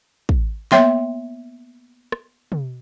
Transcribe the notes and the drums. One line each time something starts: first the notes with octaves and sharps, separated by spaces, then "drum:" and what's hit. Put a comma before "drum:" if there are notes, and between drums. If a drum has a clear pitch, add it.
drum: kick
A#3 B3 C#5 E5 G5 C6, drum: snare
drum: rim click
drum: tom